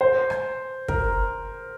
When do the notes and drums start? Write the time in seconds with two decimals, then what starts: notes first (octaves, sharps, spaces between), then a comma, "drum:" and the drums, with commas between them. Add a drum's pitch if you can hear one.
0.01 C5
0.30 drum: rim click
0.88 A#4, drum: kick